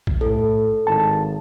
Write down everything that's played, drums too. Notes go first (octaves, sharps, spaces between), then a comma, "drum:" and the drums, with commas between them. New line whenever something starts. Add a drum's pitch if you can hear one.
drum: kick
A2 A4
G#1 A5